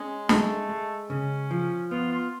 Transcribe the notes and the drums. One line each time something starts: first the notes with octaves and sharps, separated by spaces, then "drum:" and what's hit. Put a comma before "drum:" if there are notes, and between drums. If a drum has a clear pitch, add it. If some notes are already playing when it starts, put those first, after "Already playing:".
Already playing: G#3 C#4
G#3 A3, drum: snare
G#3
C#3 C#4
F3
B3 F4
F4